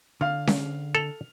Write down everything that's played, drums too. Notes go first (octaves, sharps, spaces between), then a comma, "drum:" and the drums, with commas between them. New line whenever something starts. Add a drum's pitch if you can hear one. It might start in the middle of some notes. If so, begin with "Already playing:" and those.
D3 F5 F6
drum: snare C#4
A4 F7